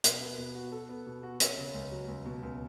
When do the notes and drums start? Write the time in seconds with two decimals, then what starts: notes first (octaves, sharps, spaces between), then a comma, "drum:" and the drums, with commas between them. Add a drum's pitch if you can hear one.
0.04 B2, drum: hi-hat
0.21 B3
0.38 B2
0.55 F#4
0.72 A4
0.89 B3
1.07 B2
1.23 F#4
1.40 C#4, drum: hi-hat
1.57 C#3
1.74 C#2
1.92 F#3
2.08 C#2
2.25 B2
2.43 C#2